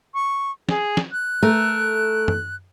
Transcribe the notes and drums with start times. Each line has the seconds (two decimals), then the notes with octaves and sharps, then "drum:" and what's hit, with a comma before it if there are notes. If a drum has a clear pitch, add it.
0.14 C#6
0.69 G#4, drum: snare
0.97 drum: snare
1.12 F#6
1.43 A3 A#4
2.28 drum: tom